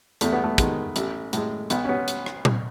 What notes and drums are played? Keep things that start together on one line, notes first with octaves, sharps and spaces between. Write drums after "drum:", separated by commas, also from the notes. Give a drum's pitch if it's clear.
E2 A3, drum: hi-hat
B3
A3
D#3 G#3 B3, drum: kick, hi-hat
A1, drum: hi-hat
A2 G#3, drum: hi-hat
B1 B3, drum: hi-hat
C#4
B3
drum: hi-hat
drum: rim click
drum: tom A#2